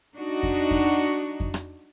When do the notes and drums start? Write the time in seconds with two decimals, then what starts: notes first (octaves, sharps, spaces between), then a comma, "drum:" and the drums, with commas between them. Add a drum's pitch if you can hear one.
0.15 D4 D#4 F#4
0.43 drum: kick F2
0.71 drum: kick F2
1.40 drum: kick F2
1.54 drum: rim click